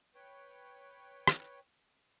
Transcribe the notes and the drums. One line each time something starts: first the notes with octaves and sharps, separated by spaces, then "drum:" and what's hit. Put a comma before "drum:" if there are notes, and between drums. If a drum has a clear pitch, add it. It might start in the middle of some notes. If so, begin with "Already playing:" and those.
B4 C#5 G5
drum: rim click